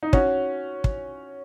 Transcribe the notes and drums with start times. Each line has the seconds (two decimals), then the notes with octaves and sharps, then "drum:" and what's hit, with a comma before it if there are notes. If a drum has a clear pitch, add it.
0.03 D#4
0.13 C#4 F#4, drum: kick
0.84 drum: kick